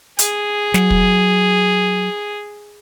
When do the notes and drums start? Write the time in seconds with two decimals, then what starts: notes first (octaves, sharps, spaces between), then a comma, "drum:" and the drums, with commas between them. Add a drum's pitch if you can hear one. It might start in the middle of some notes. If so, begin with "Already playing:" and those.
0.19 G#4, drum: hi-hat
0.74 F#3, drum: snare
0.90 drum: kick